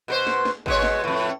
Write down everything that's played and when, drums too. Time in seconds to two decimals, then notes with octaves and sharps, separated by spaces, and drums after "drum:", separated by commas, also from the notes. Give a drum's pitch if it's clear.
0.08 B2 A#4 C5
0.27 drum: snare
0.45 drum: snare
0.66 B2 G#3 C#5, drum: kick G#1
0.82 drum: snare
1.04 F2 A2